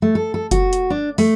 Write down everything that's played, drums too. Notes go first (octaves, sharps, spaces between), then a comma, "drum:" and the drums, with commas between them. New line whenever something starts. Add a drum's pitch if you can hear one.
A3
A4
A4
F#4, drum: kick F1, hi-hat
drum: hi-hat
D4
A3, drum: open hi-hat